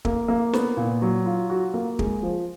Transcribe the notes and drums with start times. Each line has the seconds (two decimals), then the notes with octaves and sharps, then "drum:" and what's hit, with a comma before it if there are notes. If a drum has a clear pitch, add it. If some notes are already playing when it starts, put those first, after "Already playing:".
0.05 A#3, drum: kick
0.28 A#3
0.53 B3, drum: snare
0.77 A#2
1.02 F#3
1.26 F4
1.50 F#4
1.74 A#3
1.99 G#3, drum: kick
2.23 F3